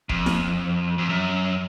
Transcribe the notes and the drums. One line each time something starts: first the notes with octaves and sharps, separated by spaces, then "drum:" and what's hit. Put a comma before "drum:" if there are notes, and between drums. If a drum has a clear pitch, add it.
F2, drum: kick
drum: snare E4
F2
F#2